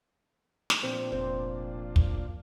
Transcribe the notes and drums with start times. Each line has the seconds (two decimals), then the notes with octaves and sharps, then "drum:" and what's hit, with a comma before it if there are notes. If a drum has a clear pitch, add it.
0.70 drum: snare
0.83 A#2 F3 C4 D4
1.12 F1 C4
1.96 drum: kick